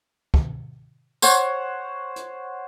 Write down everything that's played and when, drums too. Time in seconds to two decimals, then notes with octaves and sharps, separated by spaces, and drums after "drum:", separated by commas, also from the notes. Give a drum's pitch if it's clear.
0.34 drum: kick C#2
1.22 C5 C#5 F#5 C#6, drum: tambourine
2.16 drum: hi-hat